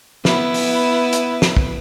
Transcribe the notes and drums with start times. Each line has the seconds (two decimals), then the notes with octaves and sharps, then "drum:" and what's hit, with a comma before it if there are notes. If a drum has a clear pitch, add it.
0.25 B3 E4 B4, drum: snare
0.54 drum: open hi-hat
1.13 drum: hi-hat
1.42 drum: snare
1.57 drum: kick